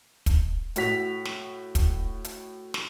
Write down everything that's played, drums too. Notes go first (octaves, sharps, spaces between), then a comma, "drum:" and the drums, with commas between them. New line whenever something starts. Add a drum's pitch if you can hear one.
drum: kick, hi-hat
A2 F#4 B6 F7, drum: hi-hat
drum: snare
drum: kick, hi-hat
drum: hi-hat
drum: snare